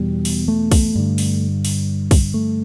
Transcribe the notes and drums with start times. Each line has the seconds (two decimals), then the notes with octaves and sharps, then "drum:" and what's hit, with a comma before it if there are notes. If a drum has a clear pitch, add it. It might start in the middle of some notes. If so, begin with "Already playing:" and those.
Already playing: E2 B2 G3
0.25 drum: open hi-hat
0.48 A3
0.72 drum: kick, open hi-hat
0.95 G2 D3
1.18 drum: open hi-hat
1.65 drum: open hi-hat
2.11 drum: kick, open hi-hat
2.34 A3